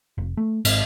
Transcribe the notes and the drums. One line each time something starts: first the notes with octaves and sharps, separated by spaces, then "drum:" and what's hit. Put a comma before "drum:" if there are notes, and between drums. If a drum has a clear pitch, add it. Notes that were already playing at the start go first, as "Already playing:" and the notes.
F1
A3
G#1 G#2 C4, drum: cymbal